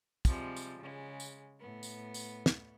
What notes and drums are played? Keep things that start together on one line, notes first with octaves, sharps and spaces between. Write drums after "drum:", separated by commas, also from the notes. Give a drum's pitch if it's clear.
C3 F3 G3 G#3, drum: kick, tambourine
drum: tambourine
C#3 G#3
drum: tambourine
A2 B3
drum: tambourine
drum: tambourine
drum: snare